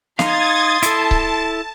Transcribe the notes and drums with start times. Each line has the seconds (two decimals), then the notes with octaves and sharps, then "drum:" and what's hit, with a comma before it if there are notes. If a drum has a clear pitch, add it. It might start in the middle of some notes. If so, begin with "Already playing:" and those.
0.19 D#4 F5 C6 D#6 G#6 A6, drum: snare
0.83 E4 A4 A5, drum: hi-hat
1.11 drum: kick C#1